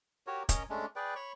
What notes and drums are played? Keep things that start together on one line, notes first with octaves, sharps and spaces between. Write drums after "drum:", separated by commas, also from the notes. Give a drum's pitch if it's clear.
F#4 G4 A#4 C#5
C#4 A#4 C#5 D#5, drum: kick, hi-hat
G#3 A3 C#4 D4
G#4 B4 D5 G5
C#5 B5 C#6